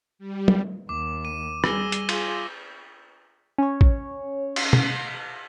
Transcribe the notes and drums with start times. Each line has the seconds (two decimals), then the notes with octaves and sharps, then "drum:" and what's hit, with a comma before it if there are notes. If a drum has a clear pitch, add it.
0.19 G3
0.48 drum: tom
0.89 D#2 D6
1.25 D#7
1.64 G3 G#4 E6 A#6 G7, drum: rim click
1.92 drum: hi-hat
2.09 F4 G#4 G7, drum: cymbal
3.58 C#4 C#5
3.81 drum: kick
4.56 drum: cymbal
4.73 drum: tom